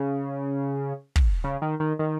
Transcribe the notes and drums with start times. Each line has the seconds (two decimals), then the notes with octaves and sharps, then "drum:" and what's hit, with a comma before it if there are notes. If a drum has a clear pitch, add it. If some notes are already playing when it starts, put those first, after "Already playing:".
Already playing: C#3
1.16 drum: kick
1.44 C#3
1.62 D#3
1.80 D#3
1.99 D#3